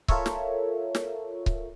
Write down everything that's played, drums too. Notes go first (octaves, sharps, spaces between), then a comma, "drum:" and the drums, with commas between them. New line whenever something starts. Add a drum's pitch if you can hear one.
F4 A4 A#4 C#5 E5, drum: kick C#1
drum: snare
drum: snare
drum: kick C#1